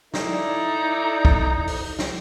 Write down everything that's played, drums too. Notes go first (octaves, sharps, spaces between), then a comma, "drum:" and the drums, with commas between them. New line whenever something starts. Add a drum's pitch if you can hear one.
D#4 E4 A4 D5, drum: snare
drum: kick
drum: open hi-hat
drum: snare